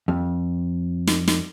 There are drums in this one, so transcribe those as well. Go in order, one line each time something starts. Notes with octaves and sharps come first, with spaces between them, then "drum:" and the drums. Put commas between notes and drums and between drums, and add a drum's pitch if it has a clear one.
F2
drum: snare
drum: snare